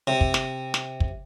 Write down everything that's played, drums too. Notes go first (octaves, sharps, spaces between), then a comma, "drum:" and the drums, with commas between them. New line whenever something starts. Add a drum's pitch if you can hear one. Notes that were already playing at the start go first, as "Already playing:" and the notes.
C3
drum: kick
drum: snare
drum: snare
drum: kick